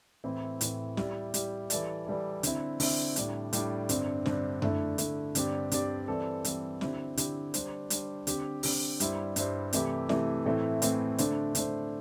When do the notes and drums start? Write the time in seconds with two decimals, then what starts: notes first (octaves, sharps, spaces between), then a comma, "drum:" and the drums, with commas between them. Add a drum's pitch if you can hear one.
0.24 A2 E3 C4 E4
0.61 A2 E3 C4 E4, drum: hi-hat
0.97 G3 E4 G4 D5, drum: snare
1.34 G3 E4 G4 D5, drum: hi-hat
1.70 E3 G3 E4 A4 D5, drum: hi-hat
2.06 E3 G3 E4 A4 D5
2.43 D3 C4 E4, drum: hi-hat
2.80 D3 C4 E4, drum: open hi-hat
3.16 A2 G3 D4, drum: hi-hat
3.53 A2 G3 D4, drum: hi-hat
3.89 G2 D3 C4, drum: hi-hat
4.26 G2 D3 C4, drum: snare
4.62 D3 A3 E4, drum: tom F#2
4.98 D3 A3 E4, drum: hi-hat
5.35 G2 D3 C4 G4 D5, drum: hi-hat
5.72 G2 D3 C4 G4 D5, drum: hi-hat
6.08 E3 G3 C4 A4
6.44 E3 G3 C4 A4, drum: hi-hat
6.81 D3 C4 E4 G4, drum: snare
7.17 D3 C4 E4 G4, drum: hi-hat
7.54 G3 D4 C5, drum: hi-hat
7.90 G3 D4 C5, drum: hi-hat
8.27 D3 C4 G4, drum: hi-hat
8.63 D3 C4 G4, drum: open hi-hat
9.00 G2 G3 E4 C5, drum: hi-hat
9.36 G2 G3 E4 C5, drum: hi-hat
9.73 C3 E3 A3 E4 G4, drum: hi-hat
10.09 C3 E3 A3 E4 G4, drum: snare
10.46 A2 E3 A3 C4 E4
10.82 A2 E3 A3 C4 E4, drum: hi-hat
11.18 D3 A3 D4 C5, drum: hi-hat
11.55 D3 A3 D4 C5, drum: hi-hat